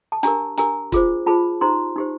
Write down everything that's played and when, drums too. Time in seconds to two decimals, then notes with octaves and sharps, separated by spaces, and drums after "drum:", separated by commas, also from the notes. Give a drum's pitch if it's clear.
0.12 A5
0.23 D4 G4 A#4 G#5 A#5, drum: hi-hat
0.57 D4 G4 A#4 G#5 A#5, drum: hi-hat
0.92 F4 G#4 C5, drum: kick, hi-hat
1.27 F4 G#4 C5 A5 B5
1.61 D#4 G4 C5 A#5 C6
1.96 D#4 G4 C5